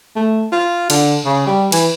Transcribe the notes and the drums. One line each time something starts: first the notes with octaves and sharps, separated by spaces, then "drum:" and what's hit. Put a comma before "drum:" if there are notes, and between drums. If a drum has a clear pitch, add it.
A3
F4
D3, drum: cymbal
C#3
G3
E3, drum: cymbal